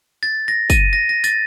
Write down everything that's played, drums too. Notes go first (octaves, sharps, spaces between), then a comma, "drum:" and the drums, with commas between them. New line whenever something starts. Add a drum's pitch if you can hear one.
A6
A#6
D#7, drum: kick, tambourine
A#6
A#6
A6, drum: tambourine